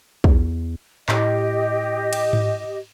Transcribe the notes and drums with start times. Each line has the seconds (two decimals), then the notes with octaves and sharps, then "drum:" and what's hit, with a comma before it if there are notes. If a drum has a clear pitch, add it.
0.24 E2, drum: kick
1.09 A2 G4 D#5, drum: clap
2.13 drum: cymbal
2.33 drum: tom G#2